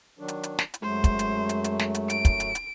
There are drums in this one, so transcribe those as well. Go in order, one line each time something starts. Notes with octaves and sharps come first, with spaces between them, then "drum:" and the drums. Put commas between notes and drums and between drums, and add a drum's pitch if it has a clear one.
D#3 F#3 D4
drum: hi-hat
drum: hi-hat
drum: snare
drum: hi-hat
F#2 F#3 G#3 A3 C5
drum: kick, hi-hat
drum: hi-hat
drum: hi-hat
drum: hi-hat
drum: snare
drum: hi-hat
D7, drum: hi-hat
drum: kick, hi-hat
drum: hi-hat
drum: hi-hat